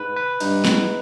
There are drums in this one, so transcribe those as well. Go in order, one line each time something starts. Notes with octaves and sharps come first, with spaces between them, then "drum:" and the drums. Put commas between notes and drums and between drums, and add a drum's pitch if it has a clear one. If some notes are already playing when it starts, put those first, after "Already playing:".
Already playing: G#2 B4
B4
G2 D#4, drum: cymbal
E2, drum: snare